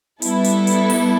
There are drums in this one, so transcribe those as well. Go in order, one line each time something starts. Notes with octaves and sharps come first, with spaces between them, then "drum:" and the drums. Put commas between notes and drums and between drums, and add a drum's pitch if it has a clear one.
G3 B3 E4 A4, drum: hi-hat
drum: hi-hat
drum: hi-hat
drum: open hi-hat